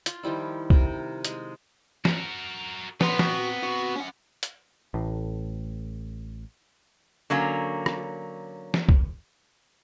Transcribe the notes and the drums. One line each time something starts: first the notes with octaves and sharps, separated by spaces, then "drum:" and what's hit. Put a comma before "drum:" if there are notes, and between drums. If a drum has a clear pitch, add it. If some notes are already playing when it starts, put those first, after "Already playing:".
F4, drum: hi-hat
D#3 F3 G3 E4
C3 A#4, drum: kick
G#3, drum: hi-hat
F#4 A#4, drum: snare
B3 C4 B4 A#5 C6, drum: snare
F#4, drum: snare
F#4
C#4 F#5
drum: hi-hat
A1 A2
D3 F#3 A#3 C#4
drum: rim click
drum: snare
drum: kick